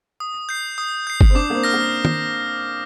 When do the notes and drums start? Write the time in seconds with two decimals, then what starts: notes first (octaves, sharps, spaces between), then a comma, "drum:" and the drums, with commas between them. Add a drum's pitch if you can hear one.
0.20 D#6
0.49 G6 C7
0.78 D#6
1.07 G6 C7
1.21 drum: kick G1
1.30 C4
1.35 D4 D6
1.50 A#3
1.54 C4
1.63 F6 A#6
1.74 A#3
2.05 drum: tom